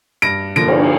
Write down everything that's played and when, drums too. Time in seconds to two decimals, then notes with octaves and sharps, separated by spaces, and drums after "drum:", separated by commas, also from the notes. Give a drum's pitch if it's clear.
0.22 G2 A#6 D7
0.56 D3 F3 A#3 A#6 D7
0.68 drum: cymbal